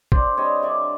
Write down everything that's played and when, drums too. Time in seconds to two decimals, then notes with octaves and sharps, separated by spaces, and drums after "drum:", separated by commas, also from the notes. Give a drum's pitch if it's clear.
0.12 D3 C5 D5, drum: kick
0.37 G3 C4 C#5 D#5
0.63 D3 D5 E5